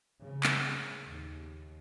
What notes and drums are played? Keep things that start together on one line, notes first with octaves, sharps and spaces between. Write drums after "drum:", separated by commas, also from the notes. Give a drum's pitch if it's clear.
C#3
drum: clap
D#2